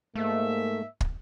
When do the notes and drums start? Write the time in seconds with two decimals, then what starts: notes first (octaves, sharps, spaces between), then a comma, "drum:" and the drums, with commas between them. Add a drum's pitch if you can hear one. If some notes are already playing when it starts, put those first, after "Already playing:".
0.16 G#2 A3 A#3 E5
1.01 drum: kick